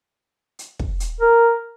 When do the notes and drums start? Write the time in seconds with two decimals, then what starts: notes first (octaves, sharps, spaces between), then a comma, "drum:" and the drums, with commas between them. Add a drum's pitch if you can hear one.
0.59 drum: hi-hat
0.79 drum: kick
1.00 drum: hi-hat
1.21 A#4